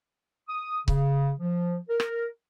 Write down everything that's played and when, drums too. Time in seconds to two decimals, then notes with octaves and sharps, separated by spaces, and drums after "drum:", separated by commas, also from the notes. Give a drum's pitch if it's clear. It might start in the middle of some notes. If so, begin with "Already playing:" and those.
0.49 D#6
0.88 C#3, drum: kick C#1
1.40 F3
1.90 A#4
2.00 drum: rim click